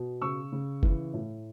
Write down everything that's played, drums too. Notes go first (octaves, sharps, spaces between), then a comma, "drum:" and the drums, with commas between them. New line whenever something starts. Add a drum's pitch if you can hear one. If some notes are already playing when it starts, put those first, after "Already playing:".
Already playing: B2
C#3 C#6 E6
C#3
E3, drum: kick
A2